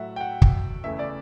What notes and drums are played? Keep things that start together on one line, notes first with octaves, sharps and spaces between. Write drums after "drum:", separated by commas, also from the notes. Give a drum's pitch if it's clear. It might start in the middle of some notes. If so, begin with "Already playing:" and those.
Already playing: A2 F#3 A3 E5 F#5
G5
F#5
drum: kick
E2 C#3 E3 A3 E5
D5